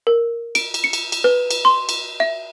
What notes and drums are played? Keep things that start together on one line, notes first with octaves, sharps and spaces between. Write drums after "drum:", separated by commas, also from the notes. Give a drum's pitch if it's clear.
A#4
D7, drum: cymbal
drum: cymbal
C#7
drum: cymbal
drum: cymbal
B4
drum: cymbal
C6
drum: cymbal
E5